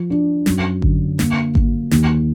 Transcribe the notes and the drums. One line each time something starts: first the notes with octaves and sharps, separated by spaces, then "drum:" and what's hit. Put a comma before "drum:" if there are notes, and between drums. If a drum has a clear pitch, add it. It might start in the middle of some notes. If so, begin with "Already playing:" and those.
Already playing: F3
D4
F#2, drum: snare
D3, drum: kick G#1
A#3, drum: snare
A#3, drum: kick G#1
D#2, drum: snare